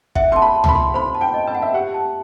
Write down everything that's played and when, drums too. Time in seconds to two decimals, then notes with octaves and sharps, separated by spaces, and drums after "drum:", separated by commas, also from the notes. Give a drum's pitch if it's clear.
0.15 E5 F#5, drum: kick
0.32 A5 C6
0.42 B5
0.55 A5
0.64 C6, drum: tom C#2
0.69 B5
0.75 C6
0.94 C5 B5
1.15 A5
1.21 G5
1.34 D#5
1.47 A5
1.55 F#5
1.62 E5
1.74 G4 F#5
1.94 A5